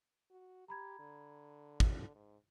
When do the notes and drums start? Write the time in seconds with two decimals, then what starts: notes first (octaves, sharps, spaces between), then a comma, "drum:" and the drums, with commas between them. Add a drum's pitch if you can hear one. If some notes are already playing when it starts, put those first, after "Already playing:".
0.31 F#4
0.68 G4 A#5 B5 G#6
1.00 D3
1.80 drum: kick
2.15 G#2